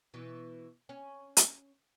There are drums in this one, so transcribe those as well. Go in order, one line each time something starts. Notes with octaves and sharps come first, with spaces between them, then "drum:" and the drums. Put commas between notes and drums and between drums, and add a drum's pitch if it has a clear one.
B2 E3
C#4
drum: hi-hat